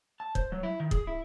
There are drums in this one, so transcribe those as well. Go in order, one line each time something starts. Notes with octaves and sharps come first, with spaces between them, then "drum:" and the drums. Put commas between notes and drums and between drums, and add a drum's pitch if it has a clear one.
A5
C5, drum: kick
F#3
E4
D#3
G#4, drum: kick
E4